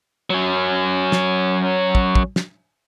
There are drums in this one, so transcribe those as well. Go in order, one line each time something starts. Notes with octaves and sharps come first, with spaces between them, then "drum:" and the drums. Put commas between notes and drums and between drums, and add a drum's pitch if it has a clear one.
F#3 C#4
drum: snare
drum: kick
drum: kick
drum: snare